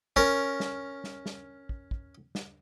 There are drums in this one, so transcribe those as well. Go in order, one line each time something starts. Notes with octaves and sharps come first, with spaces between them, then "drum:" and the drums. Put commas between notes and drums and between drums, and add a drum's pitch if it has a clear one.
C#4 A#4, drum: kick
drum: snare
drum: snare
drum: snare
drum: kick
drum: kick
drum: snare